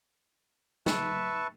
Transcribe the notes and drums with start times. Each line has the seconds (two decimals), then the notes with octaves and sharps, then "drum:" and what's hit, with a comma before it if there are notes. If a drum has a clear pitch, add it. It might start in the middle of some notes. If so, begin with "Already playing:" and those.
0.86 B4 E5 A5 C#6, drum: snare